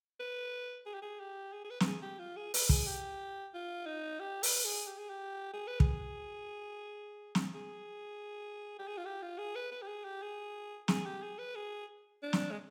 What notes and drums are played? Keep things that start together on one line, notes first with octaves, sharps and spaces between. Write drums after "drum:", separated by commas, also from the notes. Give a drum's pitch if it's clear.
B4
G#4
G4
G#4
G4
G#4
G#4
B4
B4, drum: snare
G#4
G4
F4
G#4
B4, drum: open hi-hat
G#4, drum: kick
G4
F4
D#4
G4
B4, drum: open hi-hat
G#4
G4
G#4
G4
G#4
B4
G#4, drum: kick
drum: snare
G#4
G4
G#4
F4
G4
F4
G#4
B4
B4
G4
G#4
G4
G#4
G#4, drum: snare
G4
G#4
B4
G#4
D4
drum: snare
G#3